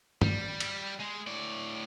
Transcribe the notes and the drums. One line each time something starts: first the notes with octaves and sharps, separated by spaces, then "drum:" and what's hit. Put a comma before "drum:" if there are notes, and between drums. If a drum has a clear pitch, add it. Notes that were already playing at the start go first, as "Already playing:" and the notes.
G3, drum: tom
drum: cymbal
G#3
A2 D5